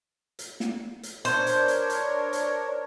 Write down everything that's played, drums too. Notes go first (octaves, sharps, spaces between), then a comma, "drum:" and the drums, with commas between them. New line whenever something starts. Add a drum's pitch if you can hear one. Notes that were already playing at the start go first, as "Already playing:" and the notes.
drum: hi-hat
drum: snare
drum: hi-hat
D4 A#4 C5 C#5, drum: hi-hat
drum: hi-hat
drum: hi-hat
drum: hi-hat
drum: hi-hat